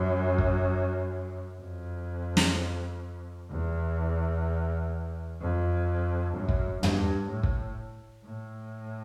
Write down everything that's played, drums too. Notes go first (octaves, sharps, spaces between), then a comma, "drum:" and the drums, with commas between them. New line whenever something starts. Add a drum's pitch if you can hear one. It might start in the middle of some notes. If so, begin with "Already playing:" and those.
Already playing: F#2
drum: kick
F2
drum: snare
E2
F2
F#2
drum: kick
G2, drum: tom
A2
drum: kick
A2